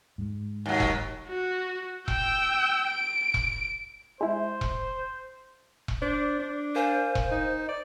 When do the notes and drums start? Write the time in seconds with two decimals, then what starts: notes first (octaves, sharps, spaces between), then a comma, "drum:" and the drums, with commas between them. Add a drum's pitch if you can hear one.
0.18 G#2 G#3
0.66 D#2 F#3
0.80 drum: kick E1
1.28 F#4
2.08 G5 E6, drum: kick E1
2.88 D7
3.34 drum: kick E1
4.21 G#3 E4 C5
4.61 drum: kick E1
5.88 drum: kick E1
6.02 D4 C5
6.39 D4
6.76 A#4 C5 F5 G#5
7.15 drum: kick E1
7.31 D#4
7.69 D5